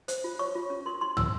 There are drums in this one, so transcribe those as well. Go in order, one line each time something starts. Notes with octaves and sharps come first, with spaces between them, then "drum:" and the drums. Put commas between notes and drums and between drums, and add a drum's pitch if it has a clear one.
C5, drum: hi-hat
F4
C#5 C#6
F4
C#4
A#4 C6
E4 C6
E4 E6, drum: tom